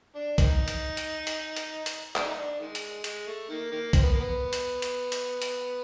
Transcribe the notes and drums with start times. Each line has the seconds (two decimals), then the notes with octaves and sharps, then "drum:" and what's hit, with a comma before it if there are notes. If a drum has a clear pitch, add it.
0.15 D4
0.38 A#3 C4 D#4, drum: kick B1, hi-hat
0.68 drum: hi-hat
0.97 drum: hi-hat
1.27 drum: hi-hat
1.56 drum: hi-hat
1.86 drum: hi-hat
2.16 D4, drum: clap
2.25 D#4
2.37 D4
2.60 D#3 G#3
2.75 drum: hi-hat
3.04 G#3, drum: hi-hat
3.27 A3
3.49 D#3 A#3
3.72 D#3 A#3
3.93 C4, drum: kick B1, hi-hat
4.03 B3
4.12 A#3
4.21 B3
4.53 drum: hi-hat
4.82 drum: hi-hat
5.12 drum: hi-hat
5.42 drum: hi-hat